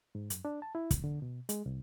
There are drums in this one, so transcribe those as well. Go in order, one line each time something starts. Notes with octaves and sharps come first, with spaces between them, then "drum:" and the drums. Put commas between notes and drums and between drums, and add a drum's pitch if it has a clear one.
G#2
F#2, drum: hi-hat
D4
A5
E4
C#2, drum: kick, hi-hat
D3
B2
G#3, drum: hi-hat
C2